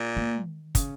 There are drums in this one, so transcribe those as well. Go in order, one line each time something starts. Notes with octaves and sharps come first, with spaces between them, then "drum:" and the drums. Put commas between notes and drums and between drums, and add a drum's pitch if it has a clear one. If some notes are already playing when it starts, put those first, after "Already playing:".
Already playing: A#2
A#3
D#3
C#3, drum: kick, hi-hat